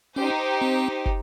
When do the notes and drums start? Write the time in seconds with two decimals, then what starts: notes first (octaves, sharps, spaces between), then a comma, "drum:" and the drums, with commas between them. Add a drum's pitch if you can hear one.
0.16 C#4 D#4 G4 C5
0.62 C4
1.06 drum: kick